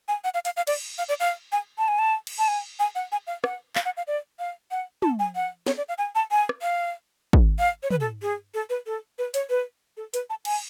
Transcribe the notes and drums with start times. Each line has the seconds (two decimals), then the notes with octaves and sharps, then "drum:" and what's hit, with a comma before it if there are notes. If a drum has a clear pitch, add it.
0.08 G#5
0.24 F#5
0.34 F5
0.45 F5, drum: hi-hat
0.57 F5
0.67 D5, drum: cymbal
0.98 F5
1.09 D5
1.20 F5
1.52 G#5
1.78 A5
1.88 G#5
1.99 A5
2.27 drum: cymbal
2.39 A5
2.48 G#5
2.79 G#5
2.95 F#5
3.12 G#5
3.27 F5
3.44 F#5, drum: rim click
3.75 F5, drum: clap
3.85 F#5
3.97 F5
4.07 D5
4.39 F5
4.71 F#5
5.02 A5, drum: tom
5.19 G#5
5.35 F#5
5.67 C#5, drum: snare
5.78 D5
5.89 F5
5.98 G#5
6.15 A5
6.31 G#5
6.49 drum: rim click
6.62 F5
7.33 drum: kick
7.59 F5
7.83 C#5
7.91 B4, drum: tom
8.00 A4
8.22 G#4
8.54 A4
8.70 B4
8.86 A4
9.18 B4
9.34 C#5, drum: hi-hat
9.50 B4
9.97 A4
10.14 B4, drum: hi-hat
10.30 A5
10.45 G#5, drum: cymbal